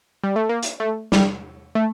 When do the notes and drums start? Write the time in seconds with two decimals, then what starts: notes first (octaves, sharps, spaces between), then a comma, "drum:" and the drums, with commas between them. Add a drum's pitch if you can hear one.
0.24 G3
0.36 A3
0.49 A#3
0.63 drum: hi-hat
0.80 A3
1.12 G3, drum: snare
1.75 A3